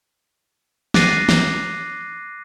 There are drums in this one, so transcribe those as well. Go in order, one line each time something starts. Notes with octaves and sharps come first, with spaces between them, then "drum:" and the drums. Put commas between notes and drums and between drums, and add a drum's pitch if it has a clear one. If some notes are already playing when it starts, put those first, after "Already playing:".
D6 F#6 A6 A#6 C7 D#7, drum: snare
drum: snare